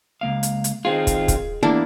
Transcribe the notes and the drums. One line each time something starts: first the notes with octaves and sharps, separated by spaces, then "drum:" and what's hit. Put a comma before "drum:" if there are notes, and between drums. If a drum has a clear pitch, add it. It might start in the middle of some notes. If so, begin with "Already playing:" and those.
C#2 A#3 F5
drum: hi-hat
drum: hi-hat
D#3 C4 F4 G#4
drum: kick, hi-hat
drum: kick, hi-hat
E2 A#3 D4 E4